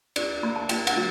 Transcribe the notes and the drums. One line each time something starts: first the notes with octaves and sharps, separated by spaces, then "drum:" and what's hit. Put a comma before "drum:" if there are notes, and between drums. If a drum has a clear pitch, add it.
D4, drum: cymbal
A#3 B5
A5
A#3 G5, drum: cymbal
F#5, drum: cymbal
F#3